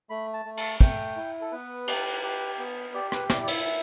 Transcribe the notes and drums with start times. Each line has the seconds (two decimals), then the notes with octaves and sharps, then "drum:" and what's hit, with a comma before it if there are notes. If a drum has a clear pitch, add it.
0.10 A3 B5
0.34 A5
0.45 A3
0.57 A5, drum: cymbal
0.81 A3 G5, drum: kick
1.16 E4
1.41 A4
1.52 B3 B4
1.88 G4, drum: cymbal
2.23 G4
2.59 B3
2.94 G4 D5
3.12 B4, drum: rim click
3.30 E4 D5, drum: snare
3.43 D5
3.48 E5, drum: cymbal
3.65 E4